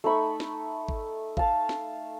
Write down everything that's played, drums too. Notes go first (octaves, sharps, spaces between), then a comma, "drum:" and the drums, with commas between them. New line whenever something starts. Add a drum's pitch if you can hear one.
A3 D#4 B5 C#6
drum: snare
drum: kick G#1
F5 A5, drum: kick G#1
drum: snare